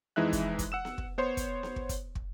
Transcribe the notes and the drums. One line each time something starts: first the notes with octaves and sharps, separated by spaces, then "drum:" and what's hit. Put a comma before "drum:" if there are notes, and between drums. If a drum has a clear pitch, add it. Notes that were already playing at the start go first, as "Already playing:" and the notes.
F2 E3 G#3 D#4 E5 F#6
drum: kick, hi-hat
drum: kick, hi-hat
F#5 E6 E7
drum: snare B3
drum: kick
B3 C5 C#5 C6
drum: kick, hi-hat
drum: snare B3
drum: kick
drum: kick, hi-hat
drum: kick